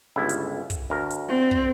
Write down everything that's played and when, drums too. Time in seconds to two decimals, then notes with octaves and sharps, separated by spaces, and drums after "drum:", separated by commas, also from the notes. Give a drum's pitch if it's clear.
0.16 G1 C#2 E4
0.29 drum: hi-hat
0.70 drum: kick, hi-hat
0.90 D2 A#4
1.10 drum: hi-hat
1.29 C4
1.51 drum: kick